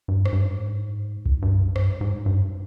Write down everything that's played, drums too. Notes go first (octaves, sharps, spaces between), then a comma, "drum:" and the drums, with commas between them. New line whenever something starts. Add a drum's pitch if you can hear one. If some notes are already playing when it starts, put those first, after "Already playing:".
G2
G#2, drum: rim click
G2
G#2
drum: kick B1
G2
F#2
G2, drum: rim click
G#2
G#2
G2